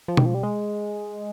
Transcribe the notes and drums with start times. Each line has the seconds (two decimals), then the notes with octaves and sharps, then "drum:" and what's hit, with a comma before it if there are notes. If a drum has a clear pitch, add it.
0.08 F3
0.17 D#3, drum: tom B2
0.25 F3
0.34 G3
0.43 G#3